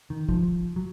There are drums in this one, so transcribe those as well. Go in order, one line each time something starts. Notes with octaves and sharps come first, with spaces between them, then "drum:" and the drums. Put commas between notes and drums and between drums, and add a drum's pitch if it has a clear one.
D#3
F3, drum: kick
F#3